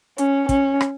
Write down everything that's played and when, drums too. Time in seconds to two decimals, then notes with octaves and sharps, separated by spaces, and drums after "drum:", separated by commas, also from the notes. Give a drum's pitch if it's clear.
0.18 C#4, drum: hi-hat
0.49 C#4, drum: kick, hi-hat
0.81 drum: rim click